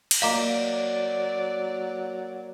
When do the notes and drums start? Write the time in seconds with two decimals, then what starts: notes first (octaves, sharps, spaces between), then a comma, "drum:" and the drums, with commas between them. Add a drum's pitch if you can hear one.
0.11 drum: cymbal
0.22 F#3 A#3 D5 D#5 F5 A#5 D6